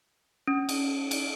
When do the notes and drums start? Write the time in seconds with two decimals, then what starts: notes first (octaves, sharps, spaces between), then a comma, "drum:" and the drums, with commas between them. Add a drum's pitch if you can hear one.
0.48 C#4
0.69 drum: cymbal
1.11 drum: cymbal